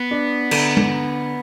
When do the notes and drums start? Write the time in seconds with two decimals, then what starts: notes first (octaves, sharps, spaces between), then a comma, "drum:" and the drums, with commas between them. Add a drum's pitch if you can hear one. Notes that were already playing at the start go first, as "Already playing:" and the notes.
Already playing: B3
0.11 D4
0.51 D3, drum: cymbal
0.77 drum: tom